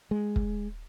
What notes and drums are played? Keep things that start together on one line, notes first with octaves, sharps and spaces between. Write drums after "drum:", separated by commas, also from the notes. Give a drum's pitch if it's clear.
G#3
drum: kick